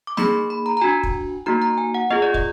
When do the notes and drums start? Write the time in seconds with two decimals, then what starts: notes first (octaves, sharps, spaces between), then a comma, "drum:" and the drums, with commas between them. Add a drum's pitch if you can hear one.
0.07 D6
0.17 A#3 D#4 G#4 B5, drum: snare
0.50 B5
0.66 A#5
0.77 A#5
0.81 D4 F#4 G#5
1.03 drum: kick
1.46 A#3 D#4 F#4 A#5
1.62 A#5
1.78 G#5
1.94 F#5
2.11 B3 F4 G#4 D#5
2.22 D5
2.34 D#5, drum: kick